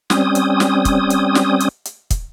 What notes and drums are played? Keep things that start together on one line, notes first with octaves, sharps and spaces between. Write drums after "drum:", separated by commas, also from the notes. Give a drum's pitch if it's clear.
G3 C4 C#4 D#6, drum: snare
drum: hi-hat
drum: snare
drum: kick, hi-hat
drum: hi-hat
drum: snare
drum: hi-hat
drum: hi-hat
drum: kick, hi-hat